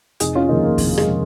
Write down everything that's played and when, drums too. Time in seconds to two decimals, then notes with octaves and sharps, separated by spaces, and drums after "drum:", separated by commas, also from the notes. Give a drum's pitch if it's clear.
0.20 F1 D#4 G#4, drum: hi-hat
0.35 C#4 F4
0.49 D#2 C#3 F3 A#3 D#4
0.64 A#3
0.78 F1, drum: kick, open hi-hat
0.97 G#3, drum: rim click
1.07 C#3 F3